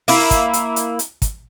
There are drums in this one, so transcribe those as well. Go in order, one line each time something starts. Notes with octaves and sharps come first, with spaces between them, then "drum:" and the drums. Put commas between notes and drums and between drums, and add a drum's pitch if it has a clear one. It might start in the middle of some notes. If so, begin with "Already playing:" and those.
A#3 E4, drum: open hi-hat
drum: kick, hi-hat
drum: hi-hat
drum: hi-hat
drum: hi-hat
drum: kick, hi-hat